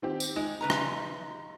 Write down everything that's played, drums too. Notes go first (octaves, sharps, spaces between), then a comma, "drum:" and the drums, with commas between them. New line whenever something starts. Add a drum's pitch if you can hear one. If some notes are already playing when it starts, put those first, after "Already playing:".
D#3 C4 G4
drum: tambourine
G#3 D#4
C#3 B4 A#5
drum: rim click